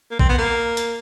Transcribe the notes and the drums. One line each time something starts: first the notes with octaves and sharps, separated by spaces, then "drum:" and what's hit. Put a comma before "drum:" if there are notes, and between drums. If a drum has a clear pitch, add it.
A#3
C4, drum: kick
B3
A#3
drum: hi-hat